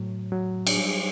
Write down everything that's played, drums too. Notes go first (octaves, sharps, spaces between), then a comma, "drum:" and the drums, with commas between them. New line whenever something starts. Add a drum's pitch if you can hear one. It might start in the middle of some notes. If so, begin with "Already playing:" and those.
Already playing: A2 F#3
F#3
drum: cymbal
G3